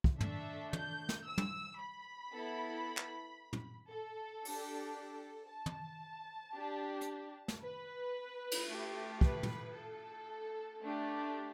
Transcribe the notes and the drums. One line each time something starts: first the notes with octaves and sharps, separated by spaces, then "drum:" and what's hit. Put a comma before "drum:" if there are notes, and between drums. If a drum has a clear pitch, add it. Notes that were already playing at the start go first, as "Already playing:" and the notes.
drum: kick
A3 D4 A4 E5, drum: tom
G6, drum: tom
drum: snare
E6
drum: tom
B5
B3 E4 A4
drum: clap
drum: tom
A4
D4 G4, drum: open hi-hat
A4
A5
drum: tom
D4 G4
drum: hi-hat
drum: snare
B4
drum: cymbal
A3 G4
B4, drum: kick
drum: tom
A4
A3 D4 G4